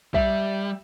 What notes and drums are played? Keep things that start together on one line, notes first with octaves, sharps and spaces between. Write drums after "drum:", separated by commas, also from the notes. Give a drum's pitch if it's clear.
G3 E5, drum: kick A#1